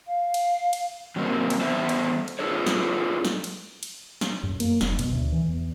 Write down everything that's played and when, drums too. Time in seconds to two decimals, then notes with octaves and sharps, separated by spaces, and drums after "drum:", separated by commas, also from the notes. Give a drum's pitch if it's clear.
0.07 F5
0.34 drum: cymbal
0.73 drum: cymbal
1.16 C3 F#3 G3 A#3 C4
1.50 drum: cymbal
1.61 E3 G3 B3 A4 C5 E5
1.89 drum: cymbal
2.28 drum: cymbal
2.39 E4 F4 G#4 A4 B4 C#5
2.67 drum: snare
3.25 drum: snare
3.44 drum: cymbal
3.83 drum: cymbal
4.21 drum: snare
4.43 F#2
4.60 A#3, drum: cymbal
4.81 F1, drum: snare
4.99 B2, drum: cymbal
5.12 D2
5.32 E3
5.48 E2